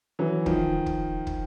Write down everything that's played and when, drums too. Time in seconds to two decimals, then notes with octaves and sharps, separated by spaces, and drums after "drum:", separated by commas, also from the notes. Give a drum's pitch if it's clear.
0.19 E3 F#3
0.46 D#3 F3, drum: kick
0.86 drum: kick
1.27 drum: kick